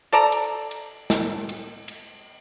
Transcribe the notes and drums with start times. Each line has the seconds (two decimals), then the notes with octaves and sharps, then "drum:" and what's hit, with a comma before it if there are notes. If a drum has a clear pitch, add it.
0.12 A4 D5 A5 A#5
0.32 drum: cymbal
0.71 drum: cymbal
1.10 drum: snare
1.49 drum: cymbal
1.88 drum: cymbal